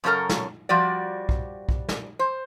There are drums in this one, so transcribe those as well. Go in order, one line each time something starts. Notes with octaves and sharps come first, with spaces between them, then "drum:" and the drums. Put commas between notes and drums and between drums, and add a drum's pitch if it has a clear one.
F#2 C#3 C#4 A4 A#4 A#5
drum: snare
F3 G3 F#4 D5
drum: kick B1
drum: kick B1
drum: snare
C5